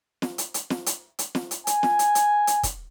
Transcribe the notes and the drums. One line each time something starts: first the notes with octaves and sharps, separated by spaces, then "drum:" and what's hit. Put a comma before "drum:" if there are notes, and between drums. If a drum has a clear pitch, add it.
drum: snare
drum: hi-hat
drum: hi-hat
drum: snare
drum: hi-hat
drum: hi-hat
drum: snare
drum: hi-hat
G#5, drum: hi-hat
drum: snare
drum: hi-hat
drum: hi-hat
drum: hi-hat
drum: kick, hi-hat